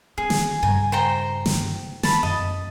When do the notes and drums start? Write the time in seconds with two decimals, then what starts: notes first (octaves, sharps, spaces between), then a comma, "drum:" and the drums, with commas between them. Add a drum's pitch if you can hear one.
0.18 C4 G#4
0.30 drum: snare
0.62 G2 C#3 G#5 A#5
0.92 C5 G5 A#5
1.46 drum: snare
2.03 A5 B5, drum: snare
2.23 F#2 D#5